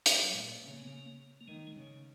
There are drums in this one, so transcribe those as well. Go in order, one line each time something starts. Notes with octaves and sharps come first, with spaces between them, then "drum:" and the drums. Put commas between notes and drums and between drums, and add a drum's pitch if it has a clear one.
drum: hi-hat
F#3
A#2 G#3
C#3
A#3
B3
A#3
A#3
D#3 G#3
G#3
C#3